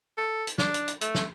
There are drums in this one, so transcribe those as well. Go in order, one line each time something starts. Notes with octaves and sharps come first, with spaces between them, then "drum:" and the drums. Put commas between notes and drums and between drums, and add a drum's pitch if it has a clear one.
A4
drum: hi-hat
D4, drum: snare
drum: hi-hat
drum: hi-hat
A3, drum: hi-hat
drum: snare